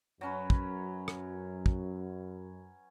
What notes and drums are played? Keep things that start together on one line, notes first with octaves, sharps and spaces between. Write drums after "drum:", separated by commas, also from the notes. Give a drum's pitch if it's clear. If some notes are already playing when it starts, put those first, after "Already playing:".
F#2 F#3 C#4 B4
drum: kick
drum: rim click
drum: kick